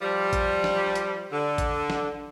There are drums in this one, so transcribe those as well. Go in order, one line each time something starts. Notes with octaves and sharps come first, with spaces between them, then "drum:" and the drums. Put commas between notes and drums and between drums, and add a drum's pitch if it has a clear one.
F3 G3
drum: kick A1, hi-hat
drum: snare
drum: hi-hat
D3
drum: kick A1, hi-hat
drum: snare